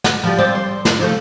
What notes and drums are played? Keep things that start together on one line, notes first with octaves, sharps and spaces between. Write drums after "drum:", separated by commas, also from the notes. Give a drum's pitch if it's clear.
drum: snare
F3 G3
F3 C4 D5
C5
drum: snare
C3 F3 A3